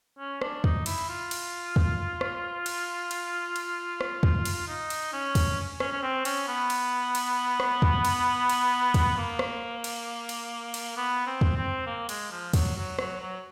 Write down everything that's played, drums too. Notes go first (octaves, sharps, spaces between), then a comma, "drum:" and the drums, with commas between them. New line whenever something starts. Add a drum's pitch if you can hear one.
C#4
D4, drum: rim click
D#4, drum: kick
E4, drum: cymbal
F4
drum: cymbal
drum: kick
drum: rim click
drum: cymbal
drum: cymbal
drum: cymbal
drum: rim click
drum: kick
drum: cymbal
D#4
drum: cymbal
C#4
drum: kick, cymbal
C#4, drum: rim click
C#4
C4
C#4, drum: cymbal
B3
drum: cymbal
drum: cymbal
drum: rim click
drum: kick
drum: cymbal
drum: cymbal
drum: kick, cymbal
A#3
drum: rim click
drum: cymbal
drum: cymbal
drum: cymbal
B3
C4
drum: kick
C4
A#3
G#3, drum: cymbal
F3
F#3, drum: kick, cymbal
F#3
F#3, drum: rim click
F#3